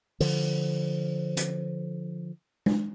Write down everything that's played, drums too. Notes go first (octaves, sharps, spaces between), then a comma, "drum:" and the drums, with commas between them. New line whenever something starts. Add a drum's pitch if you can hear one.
D3 F3, drum: open hi-hat
drum: hi-hat
drum: tom G#3